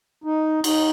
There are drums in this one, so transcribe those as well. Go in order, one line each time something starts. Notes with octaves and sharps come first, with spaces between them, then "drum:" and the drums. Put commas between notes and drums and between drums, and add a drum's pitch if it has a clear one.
D#4
D#4, drum: cymbal